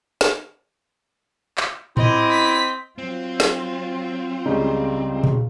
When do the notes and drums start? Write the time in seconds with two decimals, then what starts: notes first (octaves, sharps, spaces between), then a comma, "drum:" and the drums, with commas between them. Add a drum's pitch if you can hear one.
0.21 drum: snare
1.58 drum: clap
1.97 C4 E4 D#5 D6, drum: tom A2
2.31 B6
2.98 F#3 C4 F4
3.40 drum: snare
4.46 C#2 C#3 G3 D#4
5.24 drum: tom A#2